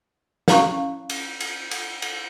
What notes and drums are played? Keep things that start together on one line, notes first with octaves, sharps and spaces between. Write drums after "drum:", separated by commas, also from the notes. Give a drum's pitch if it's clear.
C#4 E4 F5 C#6, drum: snare
drum: cymbal
drum: cymbal
drum: cymbal
drum: cymbal